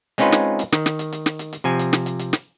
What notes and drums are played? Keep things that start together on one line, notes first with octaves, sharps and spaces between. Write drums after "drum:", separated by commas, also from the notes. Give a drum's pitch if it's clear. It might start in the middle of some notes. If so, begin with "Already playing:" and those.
G#3 C4 C#4 D#4 F4 B4, drum: hi-hat
drum: snare
drum: hi-hat
D#3, drum: snare
drum: snare
drum: hi-hat
drum: hi-hat
drum: snare
drum: hi-hat
drum: hi-hat
C3 F3 G#5
drum: hi-hat
drum: snare
drum: hi-hat
drum: hi-hat
drum: snare